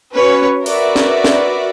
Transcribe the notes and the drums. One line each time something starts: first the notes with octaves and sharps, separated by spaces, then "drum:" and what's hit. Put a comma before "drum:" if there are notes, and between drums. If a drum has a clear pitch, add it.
C#4 F#4 B4 C#5
F#4 A#4 B4 D5 E5, drum: open hi-hat
drum: snare
drum: snare